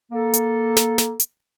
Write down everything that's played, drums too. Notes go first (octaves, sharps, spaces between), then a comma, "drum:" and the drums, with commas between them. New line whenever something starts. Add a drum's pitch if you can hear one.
A#3 A4
drum: hi-hat
drum: snare
drum: snare
drum: hi-hat